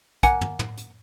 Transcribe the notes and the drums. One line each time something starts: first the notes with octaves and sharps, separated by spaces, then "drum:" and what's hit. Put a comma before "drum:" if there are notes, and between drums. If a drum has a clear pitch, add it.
A#3 F#5 G#5, drum: kick, hi-hat
drum: tom
drum: tom
drum: hi-hat